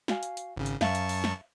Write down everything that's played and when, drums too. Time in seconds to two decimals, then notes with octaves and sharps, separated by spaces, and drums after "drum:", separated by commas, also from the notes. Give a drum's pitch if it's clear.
0.08 F#4 F5 G#5, drum: snare
0.23 drum: hi-hat
0.37 drum: hi-hat
0.57 G#1 C#3
0.66 drum: hi-hat
0.81 F#2 E5 F5 A5 C#6, drum: snare
0.95 drum: hi-hat
1.09 drum: open hi-hat
1.24 drum: snare